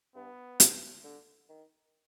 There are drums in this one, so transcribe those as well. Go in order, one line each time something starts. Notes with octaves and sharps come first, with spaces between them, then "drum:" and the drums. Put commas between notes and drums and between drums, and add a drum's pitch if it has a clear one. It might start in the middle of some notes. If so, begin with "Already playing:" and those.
G2 B3
G#2, drum: hi-hat
D3
D#3